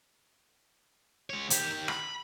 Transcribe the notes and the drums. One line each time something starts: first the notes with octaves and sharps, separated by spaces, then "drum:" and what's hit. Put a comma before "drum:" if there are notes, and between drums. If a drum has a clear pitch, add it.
G#3 C#5
D#3 G4, drum: hi-hat
B5, drum: rim click